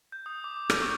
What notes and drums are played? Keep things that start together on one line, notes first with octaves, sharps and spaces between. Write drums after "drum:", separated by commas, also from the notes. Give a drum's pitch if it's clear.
G6
D#6
D6
D6
G6, drum: rim click
C#6